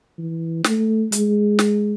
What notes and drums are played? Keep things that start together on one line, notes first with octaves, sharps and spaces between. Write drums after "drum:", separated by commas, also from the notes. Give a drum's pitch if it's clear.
E3
A3, drum: snare
G#3, drum: hi-hat
drum: snare